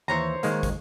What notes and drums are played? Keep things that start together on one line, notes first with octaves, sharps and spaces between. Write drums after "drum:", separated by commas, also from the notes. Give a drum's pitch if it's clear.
D#2 E3 C5 C#5 A#5
D#3 G#3 A#3, drum: hi-hat
drum: kick, hi-hat